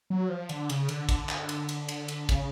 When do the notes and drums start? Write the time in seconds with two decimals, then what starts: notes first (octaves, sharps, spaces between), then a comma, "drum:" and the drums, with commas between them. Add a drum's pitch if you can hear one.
0.10 F#3
0.29 F3
0.49 D3, drum: cymbal
0.70 C#3, drum: cymbal
0.89 D3, drum: cymbal
1.09 D3, drum: kick, cymbal
1.29 drum: clap
1.49 drum: cymbal
1.69 drum: cymbal
1.89 drum: cymbal
2.08 drum: cymbal
2.29 C#3, drum: kick, cymbal